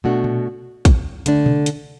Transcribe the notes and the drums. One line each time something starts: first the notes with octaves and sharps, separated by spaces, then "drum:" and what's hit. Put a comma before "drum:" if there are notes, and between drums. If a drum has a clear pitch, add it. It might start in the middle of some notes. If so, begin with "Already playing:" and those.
B2 A3 D4 F#4
drum: tom A#2
drum: kick, hi-hat
D3 A3 D4, drum: hi-hat
drum: tom
drum: hi-hat